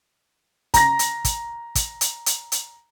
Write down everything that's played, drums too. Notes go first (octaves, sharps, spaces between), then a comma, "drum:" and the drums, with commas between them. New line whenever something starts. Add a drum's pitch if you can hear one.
A#5 A#6, drum: kick, hi-hat
drum: hi-hat
drum: kick, hi-hat
drum: kick, hi-hat
drum: hi-hat
drum: hi-hat
drum: hi-hat